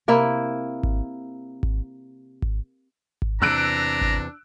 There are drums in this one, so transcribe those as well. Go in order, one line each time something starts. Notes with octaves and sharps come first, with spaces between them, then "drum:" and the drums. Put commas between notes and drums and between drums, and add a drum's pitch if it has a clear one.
C3 A#3 E4 E5
drum: kick G#1
drum: kick G#1
drum: kick G#1
drum: kick G#1
E2 C3 D4 A#5 E6 F#6 D7
drum: kick G#1